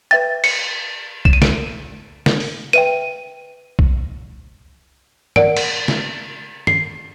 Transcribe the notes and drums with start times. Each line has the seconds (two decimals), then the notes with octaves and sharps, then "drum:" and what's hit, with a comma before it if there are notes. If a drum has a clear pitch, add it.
0.11 B4 E5 G5 A6
0.44 C#7, drum: cymbal
1.25 E7, drum: kick B1
1.33 D#7
1.42 D7, drum: snare
2.26 drum: snare
2.40 drum: open hi-hat
2.73 B4 E5 G5 D#7
3.79 drum: kick B1
5.36 A#4 D5 F#5 D7, drum: tom
5.57 drum: cymbal
5.88 drum: snare
6.67 C7, drum: tom